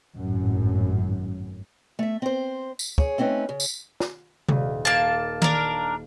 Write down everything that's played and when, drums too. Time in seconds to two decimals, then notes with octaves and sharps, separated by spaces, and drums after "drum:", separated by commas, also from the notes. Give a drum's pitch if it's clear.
0.16 G#1 F#2 A2
1.99 A3 E5
2.22 C4 C5
2.79 drum: tambourine
2.98 G#4 C#5, drum: kick
3.18 A3 C4 C#4 D#4 B4
3.49 C#3
3.60 drum: tambourine
4.00 drum: snare
4.49 D#1, drum: tom C3
4.85 A#3 F5 A5
5.42 D4 A#4, drum: tom D#3